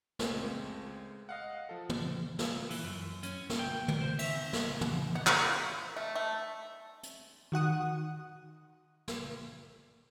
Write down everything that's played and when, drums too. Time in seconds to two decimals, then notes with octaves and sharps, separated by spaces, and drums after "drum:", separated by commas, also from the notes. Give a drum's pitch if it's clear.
0.19 C#2 G#3 A3 C4, drum: snare
1.29 D#5 F5 F#5
1.69 F3 A4
1.89 drum: tom
2.39 drum: snare
2.70 E3, drum: open hi-hat
2.84 F#2
3.23 C#4, drum: hi-hat
3.50 drum: snare
3.59 G5
3.88 A#4, drum: tom
4.01 C5
4.19 E5, drum: cymbal
4.53 drum: snare
4.81 drum: tom
5.15 F#5
5.27 A#3, drum: clap
5.96 A3
6.15 A3
7.03 drum: hi-hat
7.52 D#3 F#4 F#5 D#6
9.08 drum: snare